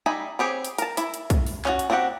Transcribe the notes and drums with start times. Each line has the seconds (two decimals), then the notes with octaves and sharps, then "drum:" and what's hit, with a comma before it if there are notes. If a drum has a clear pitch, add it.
0.06 G3 D#4 E5 G#5 B5
0.39 C4 G4 G#4 C#5
0.65 drum: hi-hat
0.78 A#4 A5, drum: hi-hat
0.97 E4 E5, drum: hi-hat
1.14 drum: hi-hat
1.30 drum: kick, hi-hat
1.46 drum: open hi-hat
1.65 C#4 F#4, drum: clap
1.79 drum: hi-hat
1.90 C4 D4 F#4 G4 F#5